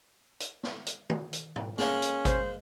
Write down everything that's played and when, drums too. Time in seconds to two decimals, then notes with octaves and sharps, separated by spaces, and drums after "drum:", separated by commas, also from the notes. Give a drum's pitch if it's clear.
0.40 drum: hi-hat
0.63 drum: snare
0.86 drum: hi-hat
1.10 drum: tom
1.33 drum: hi-hat
1.56 drum: tom
1.78 G#3 A#3 C#4, drum: snare
2.02 drum: hi-hat
2.25 C5, drum: kick G#1, hi-hat